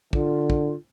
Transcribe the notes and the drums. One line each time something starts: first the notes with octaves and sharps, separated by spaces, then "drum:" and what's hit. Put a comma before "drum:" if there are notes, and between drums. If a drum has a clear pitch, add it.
D3 F4, drum: kick
drum: kick